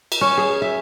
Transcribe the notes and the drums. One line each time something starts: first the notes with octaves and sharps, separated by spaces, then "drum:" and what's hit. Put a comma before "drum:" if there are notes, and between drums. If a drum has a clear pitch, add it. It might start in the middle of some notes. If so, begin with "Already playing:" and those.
drum: cymbal
C#4
G#4
E5